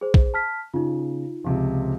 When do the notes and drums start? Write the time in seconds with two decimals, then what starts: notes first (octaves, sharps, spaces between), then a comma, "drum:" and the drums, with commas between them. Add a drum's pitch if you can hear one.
0.01 G#4 C5
0.14 drum: kick
0.34 A5 F6 B6
0.74 C#3 D#4 F4
1.44 C#2 C3 F3